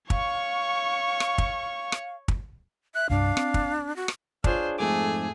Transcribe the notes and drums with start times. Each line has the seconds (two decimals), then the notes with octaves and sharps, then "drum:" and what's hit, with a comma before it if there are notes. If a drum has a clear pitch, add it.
0.10 C#5 F5 C#6, drum: kick
1.20 drum: rim click
1.38 drum: kick
1.92 drum: rim click
2.28 drum: kick
2.95 E5 F#6
3.10 C2 G2 D4 F5
3.37 C4, drum: rim click
3.54 drum: kick
3.96 F#4
4.08 drum: rim click
4.44 D4 F4 G#4 C5 C#5, drum: kick
4.79 F2 G#2 A3 G#4 D6